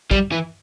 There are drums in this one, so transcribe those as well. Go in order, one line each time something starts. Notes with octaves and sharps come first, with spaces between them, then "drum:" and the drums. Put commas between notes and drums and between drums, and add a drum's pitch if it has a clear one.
G3, drum: kick
E3